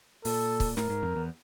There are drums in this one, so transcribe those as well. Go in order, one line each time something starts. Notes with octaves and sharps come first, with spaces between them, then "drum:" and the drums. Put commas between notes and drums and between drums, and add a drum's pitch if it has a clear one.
A#2 A4, drum: open hi-hat
drum: kick, open hi-hat
A2 A#4, drum: snare
G#2
F2
E2